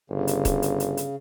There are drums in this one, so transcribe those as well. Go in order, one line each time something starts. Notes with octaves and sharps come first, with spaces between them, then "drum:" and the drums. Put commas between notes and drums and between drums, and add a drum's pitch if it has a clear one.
G1 C#3
drum: hi-hat
drum: kick D#1, hi-hat
drum: hi-hat
drum: hi-hat
drum: hi-hat